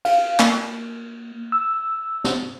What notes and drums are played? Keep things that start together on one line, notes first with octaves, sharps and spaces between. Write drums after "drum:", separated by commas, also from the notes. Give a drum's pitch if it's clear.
F5, drum: cymbal
A#3, drum: clap
E6
drum: snare